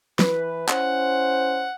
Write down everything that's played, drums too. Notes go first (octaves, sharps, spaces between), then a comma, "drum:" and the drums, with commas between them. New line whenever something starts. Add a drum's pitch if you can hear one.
E3 B4, drum: snare
C#4 E4 C5 F#5, drum: clap